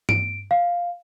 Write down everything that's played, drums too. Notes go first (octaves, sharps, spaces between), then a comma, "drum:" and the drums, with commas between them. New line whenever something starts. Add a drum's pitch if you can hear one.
D7, drum: tom G2
F5